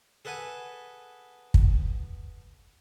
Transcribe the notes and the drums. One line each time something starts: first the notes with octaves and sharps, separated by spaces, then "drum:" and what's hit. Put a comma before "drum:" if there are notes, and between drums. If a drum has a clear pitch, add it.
G#4 A4 B4 F#5 G#5
drum: kick